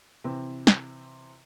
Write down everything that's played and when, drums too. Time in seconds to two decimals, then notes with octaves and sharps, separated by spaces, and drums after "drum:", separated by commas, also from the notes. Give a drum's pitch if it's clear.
0.24 C3 E3 C4
0.67 drum: snare